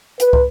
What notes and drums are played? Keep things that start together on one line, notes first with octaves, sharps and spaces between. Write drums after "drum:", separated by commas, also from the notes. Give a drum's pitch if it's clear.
B4, drum: hi-hat
drum: kick